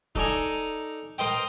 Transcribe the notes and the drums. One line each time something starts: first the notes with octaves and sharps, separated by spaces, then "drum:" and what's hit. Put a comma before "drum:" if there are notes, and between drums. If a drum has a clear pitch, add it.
D#4 A4 D5 G#5 A#5, drum: kick
A#4 C5 D#5 G5, drum: hi-hat